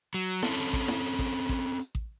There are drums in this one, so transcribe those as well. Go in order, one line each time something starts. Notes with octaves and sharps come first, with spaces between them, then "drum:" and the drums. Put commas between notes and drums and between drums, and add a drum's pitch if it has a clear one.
F#3
C4 C#4 A4, drum: snare E4
drum: hi-hat
drum: kick A1
drum: snare E4
drum: kick A1, hi-hat
drum: kick A1, hi-hat
drum: hi-hat
drum: kick A1